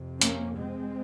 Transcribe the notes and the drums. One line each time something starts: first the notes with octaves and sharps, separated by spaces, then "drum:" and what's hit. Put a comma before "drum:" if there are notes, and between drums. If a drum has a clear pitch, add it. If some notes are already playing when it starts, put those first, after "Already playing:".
Already playing: F2 C3
A#3 C#4, drum: hi-hat
G#3 C4